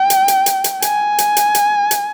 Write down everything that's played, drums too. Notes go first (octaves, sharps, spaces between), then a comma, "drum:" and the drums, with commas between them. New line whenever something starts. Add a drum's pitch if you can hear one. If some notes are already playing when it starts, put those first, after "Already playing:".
Already playing: G5
drum: hi-hat
drum: hi-hat
drum: hi-hat
drum: hi-hat
G#5, drum: hi-hat
drum: hi-hat
drum: hi-hat
drum: hi-hat
drum: hi-hat